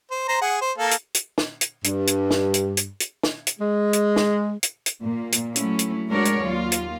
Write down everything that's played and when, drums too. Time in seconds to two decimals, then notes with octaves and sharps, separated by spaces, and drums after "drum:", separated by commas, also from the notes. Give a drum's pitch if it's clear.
0.11 C5
0.28 C5 A#5
0.42 G#4 F#5
0.61 C5
0.78 A#3 A4 F5
0.91 drum: hi-hat
1.15 drum: hi-hat
1.38 drum: snare
1.61 drum: hi-hat
1.84 G2, drum: hi-hat
2.07 drum: hi-hat
2.31 drum: snare
2.54 drum: hi-hat
2.77 drum: hi-hat
3.00 drum: hi-hat
3.23 drum: snare
3.47 drum: hi-hat
3.59 G#3
3.93 drum: hi-hat
4.16 drum: snare
4.63 drum: hi-hat
4.86 drum: hi-hat
5.01 A#2 A#3
5.32 drum: hi-hat
5.56 F#3 A3 C#4 E4, drum: hi-hat
5.79 drum: hi-hat
6.11 G#3 D4 F#4 A#4 C#5 D5
6.25 drum: hi-hat
6.45 D#2 F#3 A#3 F4
6.72 drum: hi-hat